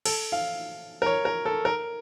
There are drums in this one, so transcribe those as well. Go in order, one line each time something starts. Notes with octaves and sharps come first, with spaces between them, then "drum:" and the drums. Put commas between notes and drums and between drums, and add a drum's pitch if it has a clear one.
A4, drum: cymbal
F5
A#4
C#5
A#4
A4
A#4